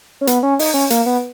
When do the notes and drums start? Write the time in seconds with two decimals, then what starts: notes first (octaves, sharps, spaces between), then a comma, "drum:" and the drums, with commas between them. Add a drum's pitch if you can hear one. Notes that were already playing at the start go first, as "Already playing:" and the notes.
0.21 C#4
0.27 B3, drum: hi-hat
0.43 C#4
0.59 D#4, drum: open hi-hat
0.74 C#4
0.90 A#3, drum: hi-hat
1.06 B3